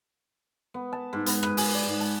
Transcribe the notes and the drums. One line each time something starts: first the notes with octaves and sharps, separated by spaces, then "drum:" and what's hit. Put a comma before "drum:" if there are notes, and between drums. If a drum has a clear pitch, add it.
B3
A5
G#2
B3, drum: hi-hat
B4, drum: rim click
G#4, drum: open hi-hat
D5
G#2
A5